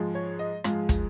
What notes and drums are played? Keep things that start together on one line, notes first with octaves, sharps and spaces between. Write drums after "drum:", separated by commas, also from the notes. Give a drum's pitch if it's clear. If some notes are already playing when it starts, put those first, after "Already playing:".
Already playing: G#2 F3 G#3
C#5
D#5
G#2 F3 G#3 F5, drum: rim click
drum: kick, hi-hat